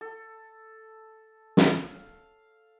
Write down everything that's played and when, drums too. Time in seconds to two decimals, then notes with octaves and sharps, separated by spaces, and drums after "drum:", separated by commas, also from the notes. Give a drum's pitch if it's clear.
0.01 A4
1.57 drum: snare
1.78 F5